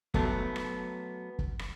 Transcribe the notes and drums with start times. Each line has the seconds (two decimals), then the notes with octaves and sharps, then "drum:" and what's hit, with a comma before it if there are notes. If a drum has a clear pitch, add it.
0.14 F#3 A3 B3, drum: kick
0.56 drum: rim click
1.39 drum: kick
1.59 drum: rim click